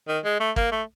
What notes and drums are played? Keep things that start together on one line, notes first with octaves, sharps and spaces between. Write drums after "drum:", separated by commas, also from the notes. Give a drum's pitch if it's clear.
D#3
G#3
A3
A#3, drum: kick
A3